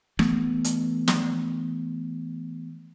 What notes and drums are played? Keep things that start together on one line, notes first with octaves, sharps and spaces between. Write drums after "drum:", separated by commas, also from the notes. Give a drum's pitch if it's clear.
E3 A3 B3, drum: rim click
drum: hi-hat
drum: snare